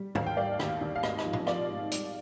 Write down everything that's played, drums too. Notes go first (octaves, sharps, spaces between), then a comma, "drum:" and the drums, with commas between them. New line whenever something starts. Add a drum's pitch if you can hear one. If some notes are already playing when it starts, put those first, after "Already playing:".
Already playing: G3
D#2 F5, drum: tom
G5
G3 D5 F5
D#2, drum: rim click
D#2
F5
G#1 D#5, drum: rim click
D#5, drum: rim click
F3
D#5, drum: tom A#2
F3 D5 F5, drum: rim click
G#2
G3, drum: hi-hat